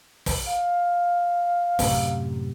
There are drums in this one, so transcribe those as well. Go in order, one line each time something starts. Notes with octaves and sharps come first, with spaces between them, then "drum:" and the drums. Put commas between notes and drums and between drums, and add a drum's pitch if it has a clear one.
drum: kick, open hi-hat
F5
F#2 A2 C3, drum: kick, open hi-hat